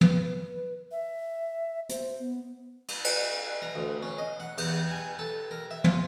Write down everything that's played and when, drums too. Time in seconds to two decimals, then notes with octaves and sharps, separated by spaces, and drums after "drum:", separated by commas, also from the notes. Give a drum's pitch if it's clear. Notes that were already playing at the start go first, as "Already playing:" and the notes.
0.01 B4, drum: tom
0.91 E5
1.89 C5, drum: hi-hat
2.19 B3
2.88 drum: cymbal
3.05 drum: cymbal
3.62 A#5
3.75 D2
4.03 C#4
4.18 D#5
4.40 F#5
4.58 E2, drum: cymbal
4.91 G#5
5.19 A4
5.51 A#4
5.71 E5
5.84 F4, drum: tom